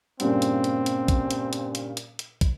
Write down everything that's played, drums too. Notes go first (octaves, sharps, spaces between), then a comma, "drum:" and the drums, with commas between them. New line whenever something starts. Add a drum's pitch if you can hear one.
G2 A#2 C#3 C4, drum: hi-hat
drum: hi-hat
drum: hi-hat
drum: hi-hat
drum: kick, hi-hat
drum: hi-hat
drum: hi-hat
drum: hi-hat
drum: hi-hat
drum: hi-hat
drum: kick, hi-hat